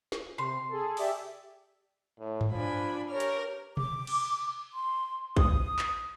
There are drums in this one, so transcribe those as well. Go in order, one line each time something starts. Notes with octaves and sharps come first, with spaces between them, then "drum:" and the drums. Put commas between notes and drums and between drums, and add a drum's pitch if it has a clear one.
drum: snare
C3 C6
G#4 A4
G4 D5 E5, drum: open hi-hat
A2
drum: tom G2
F3 D4 G#5 B5
G4 A#4 C#5 F6
drum: hi-hat
D6, drum: tom B2
drum: cymbal
C6
D#6, drum: kick
drum: clap